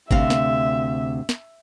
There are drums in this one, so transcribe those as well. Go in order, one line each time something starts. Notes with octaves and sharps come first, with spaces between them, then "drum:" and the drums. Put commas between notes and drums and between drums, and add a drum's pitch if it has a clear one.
D2 C3 E5 F5, drum: kick G#1
drum: snare
drum: snare